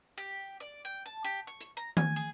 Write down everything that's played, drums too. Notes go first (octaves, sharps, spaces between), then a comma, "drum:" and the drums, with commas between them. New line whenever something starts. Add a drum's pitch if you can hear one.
G4
D5
G5
A5
G4
C#6
drum: hi-hat
A#5
G#5, drum: tom D#3
G#4